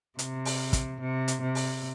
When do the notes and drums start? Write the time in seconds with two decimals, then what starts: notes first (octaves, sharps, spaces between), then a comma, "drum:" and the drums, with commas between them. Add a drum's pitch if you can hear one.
0.19 C3, drum: hi-hat
0.45 drum: open hi-hat
0.73 drum: kick, hi-hat
1.01 C3
1.28 drum: hi-hat
1.42 C3
1.55 drum: open hi-hat